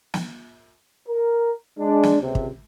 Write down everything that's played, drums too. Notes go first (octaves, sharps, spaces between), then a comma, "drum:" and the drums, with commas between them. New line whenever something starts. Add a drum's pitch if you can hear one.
drum: snare
A#4
G#3 D4
drum: snare
C#2 C3
drum: kick